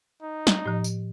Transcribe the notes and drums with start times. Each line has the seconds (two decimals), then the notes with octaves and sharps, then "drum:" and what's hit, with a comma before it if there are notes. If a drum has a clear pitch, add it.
0.22 D#4
0.47 drum: snare
0.66 A2 F3
0.84 drum: tambourine